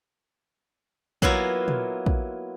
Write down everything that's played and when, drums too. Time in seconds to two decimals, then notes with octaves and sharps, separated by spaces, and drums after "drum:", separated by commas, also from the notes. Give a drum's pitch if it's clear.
1.22 F#3 A#3 B3 E4 F4, drum: kick
1.68 drum: tom
2.06 drum: kick